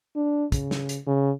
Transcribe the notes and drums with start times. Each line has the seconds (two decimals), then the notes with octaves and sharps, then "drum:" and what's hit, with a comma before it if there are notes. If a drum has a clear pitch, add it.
0.16 D4
0.52 C#3, drum: kick, hi-hat
0.71 drum: snare
0.89 drum: hi-hat
1.07 C#3